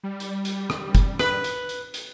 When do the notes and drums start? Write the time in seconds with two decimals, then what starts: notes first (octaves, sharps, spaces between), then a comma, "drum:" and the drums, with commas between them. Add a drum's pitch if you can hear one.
0.03 G3
0.20 drum: hi-hat
0.45 drum: hi-hat
0.70 drum: rim click
0.95 drum: kick F#1, hi-hat
1.19 B4, drum: rim click
1.44 drum: hi-hat
1.69 drum: hi-hat
1.94 drum: hi-hat